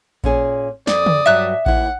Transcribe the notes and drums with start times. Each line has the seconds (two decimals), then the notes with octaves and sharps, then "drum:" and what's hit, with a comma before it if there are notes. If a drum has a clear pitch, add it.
0.24 A#2 C#4 G#4, drum: kick A1
0.87 F2 D5 D#6, drum: snare
1.06 drum: tom
1.26 G2 F#3 E5 F#6
1.66 D#2 E4 F#5, drum: kick A1